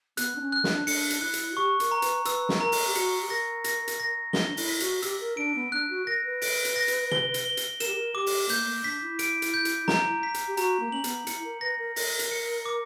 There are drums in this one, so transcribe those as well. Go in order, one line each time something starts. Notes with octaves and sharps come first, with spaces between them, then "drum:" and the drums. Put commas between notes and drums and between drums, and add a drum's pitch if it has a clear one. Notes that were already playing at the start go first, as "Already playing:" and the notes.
B3 F#6, drum: hi-hat
D4
C#4
F#6
D4, drum: snare
D4 C#7, drum: open hi-hat
drum: hi-hat
E4 F#6
drum: hi-hat
F#4
G4 C#6
A#4, drum: hi-hat
A#5
B4, drum: hi-hat
B4 E6, drum: hi-hat
drum: snare
A#4 A#5
drum: open hi-hat
G4
F#4 C#7, drum: hi-hat
G4
A#4 A#6
A#6, drum: hi-hat
drum: hi-hat
A#6
D4 G7, drum: snare
D4
E4, drum: open hi-hat
B6
F#4, drum: hi-hat
G4 E6, drum: hi-hat
A#4
D4 D7
B3
D4 F#6
F#4
A#4 A#6
B4
D7, drum: open hi-hat
drum: hi-hat
A#6
drum: hi-hat
G7, drum: tom
drum: hi-hat
G7
drum: hi-hat
A#4 E7, drum: hi-hat
G4
A#4
G4 D6
drum: open hi-hat
A#3 G6, drum: hi-hat
A#3
D4 B6
E4
D7, drum: hi-hat
drum: hi-hat
G6
drum: hi-hat
A#5, drum: snare
B6
drum: hi-hat
G4
F#4 A#5, drum: hi-hat
A#3
C#4 F#7
B3, drum: hi-hat
E4 C#7, drum: hi-hat
A#4
B4 A#6
A#4
A#4 A#6, drum: open hi-hat
drum: hi-hat
C#7
D6